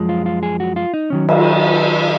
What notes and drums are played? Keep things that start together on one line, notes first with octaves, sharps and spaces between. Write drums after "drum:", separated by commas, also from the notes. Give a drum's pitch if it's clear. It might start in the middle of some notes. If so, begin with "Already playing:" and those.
Already playing: F#2 F3 G#3
F4
F4
G#4
F#4
F4
D#4
D#3 F#3 C#4
drum: cymbal